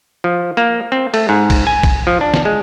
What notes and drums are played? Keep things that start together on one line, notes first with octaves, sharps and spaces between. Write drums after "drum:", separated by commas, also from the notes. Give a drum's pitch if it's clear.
F3
A#3
C4
A3, drum: cymbal
G#2
drum: kick, cymbal
G#5
drum: kick, cymbal
F3
D4
drum: snare
G#3